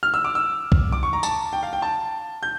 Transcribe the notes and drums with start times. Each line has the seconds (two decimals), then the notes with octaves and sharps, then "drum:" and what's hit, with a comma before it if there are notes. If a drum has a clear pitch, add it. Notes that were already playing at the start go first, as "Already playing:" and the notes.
0.03 F6
0.14 E6
0.25 D6
0.35 E6
0.72 drum: kick B1
0.92 D6
1.03 C#6
1.13 A#5
1.23 A5, drum: tambourine
1.53 G5
1.63 F5
1.73 G5
1.82 A5
2.43 G6